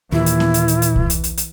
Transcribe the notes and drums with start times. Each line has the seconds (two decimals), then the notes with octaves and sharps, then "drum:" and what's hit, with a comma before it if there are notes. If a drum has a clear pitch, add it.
0.12 D#2 A#2 E3 E4
0.26 drum: hi-hat
0.40 drum: snare B3
0.54 drum: hi-hat
0.68 drum: hi-hat
0.82 drum: hi-hat
0.96 drum: kick
1.10 drum: hi-hat
1.24 drum: hi-hat
1.37 drum: hi-hat